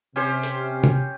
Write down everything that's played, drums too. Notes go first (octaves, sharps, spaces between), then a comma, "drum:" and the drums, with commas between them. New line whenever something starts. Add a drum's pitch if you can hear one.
C3 C#4 G4 C5
drum: hi-hat
drum: tom